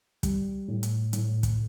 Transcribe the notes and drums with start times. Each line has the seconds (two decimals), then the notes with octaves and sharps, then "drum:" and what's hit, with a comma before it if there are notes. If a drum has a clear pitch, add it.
0.23 G3, drum: kick, hi-hat
0.68 A2
0.83 drum: hi-hat
1.13 A2, drum: hi-hat
1.43 drum: kick, hi-hat